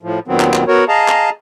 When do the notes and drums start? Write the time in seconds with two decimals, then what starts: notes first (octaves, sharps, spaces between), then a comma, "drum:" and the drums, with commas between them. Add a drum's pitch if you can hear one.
0.03 A2 F3
0.28 D#2 A#2 D#3 F#3 B3 C4
0.40 drum: clap
0.54 drum: clap
0.67 B3 F#4 A#4 C#5
0.88 G#4 D#5 F5 A5 A#5
1.08 drum: clap